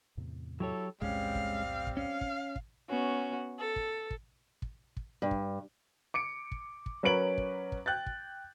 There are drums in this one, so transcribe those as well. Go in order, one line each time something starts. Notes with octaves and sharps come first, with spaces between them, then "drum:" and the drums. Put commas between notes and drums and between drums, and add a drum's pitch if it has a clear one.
E2 A2 C3
F#3 E4 G4 A4 C#5
B1 E2 A2 G3 G#3 C4 C#4 F5, drum: kick
drum: kick
drum: kick
C#4 F5
drum: kick
drum: kick
B3 C#4 F#4
A4
drum: kick
drum: kick
drum: kick
drum: kick
G2
drum: kick
D6 C#7 D7
drum: kick
drum: kick
F#3 C#4 A#4 B4 D7 F#7
drum: kick
drum: kick
G5 F#6 G6 A6
drum: kick